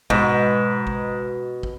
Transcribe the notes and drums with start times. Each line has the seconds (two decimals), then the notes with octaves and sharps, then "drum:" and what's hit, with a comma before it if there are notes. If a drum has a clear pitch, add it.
0.10 G#2 B2, drum: kick
0.87 drum: kick
1.63 drum: kick